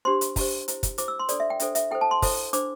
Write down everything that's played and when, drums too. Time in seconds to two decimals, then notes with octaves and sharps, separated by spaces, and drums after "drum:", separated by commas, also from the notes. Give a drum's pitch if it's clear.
0.05 D4 G4 C5 C6
0.21 drum: hi-hat
0.36 D4 G4 C5, drum: kick, open hi-hat
0.68 E4 C5, drum: hi-hat
0.83 drum: kick, hi-hat
0.98 E4 C5 D6, drum: hi-hat
1.08 E6
1.19 C6
1.29 D4 A4 C5 D5, drum: hi-hat
1.40 E5
1.50 G5
1.60 D4 A4 C5 E5, drum: hi-hat
1.75 E5, drum: hi-hat
1.91 E4 A4 C5 G5
2.01 A5
2.11 C6
2.22 E4 A4 C5, drum: kick, open hi-hat
2.53 D4 C5 D6, drum: hi-hat